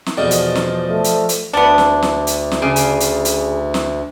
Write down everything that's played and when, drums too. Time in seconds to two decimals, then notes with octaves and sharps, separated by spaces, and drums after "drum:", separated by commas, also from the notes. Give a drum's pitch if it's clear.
0.06 drum: snare
0.17 B1 E2 B2 F3 D5 D#5
0.31 drum: hi-hat
0.55 drum: snare
0.89 A3
1.04 drum: hi-hat
1.29 drum: hi-hat
1.53 D2 B3 D4
1.78 drum: snare
2.02 drum: snare
2.27 drum: hi-hat
2.52 drum: snare
2.62 C#3 G#4 D5
2.76 drum: hi-hat
3.01 drum: hi-hat
3.25 drum: hi-hat
3.74 drum: snare